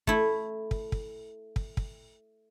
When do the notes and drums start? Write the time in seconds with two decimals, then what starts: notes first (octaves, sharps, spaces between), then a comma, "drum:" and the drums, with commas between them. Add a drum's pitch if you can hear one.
0.07 A3 E4, drum: kick
0.71 drum: kick
0.92 drum: kick
1.56 drum: kick
1.77 drum: kick